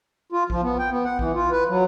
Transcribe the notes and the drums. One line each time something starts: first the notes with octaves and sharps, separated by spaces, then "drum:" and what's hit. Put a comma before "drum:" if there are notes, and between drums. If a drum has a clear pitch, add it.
F4
F3, drum: kick A#1
B3
G5
B3
F#5
E3, drum: kick A#1
F4
B4
F#3